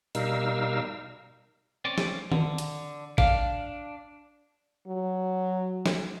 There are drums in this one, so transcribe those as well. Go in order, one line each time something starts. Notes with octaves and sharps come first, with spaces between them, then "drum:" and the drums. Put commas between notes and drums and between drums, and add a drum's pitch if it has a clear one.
B2 G3 D#4 A#4 F5 E6, drum: hi-hat
C4 C#4 D5
drum: snare
D3, drum: tom D#3
drum: hi-hat
D4 F5, drum: kick A1
F#3
drum: snare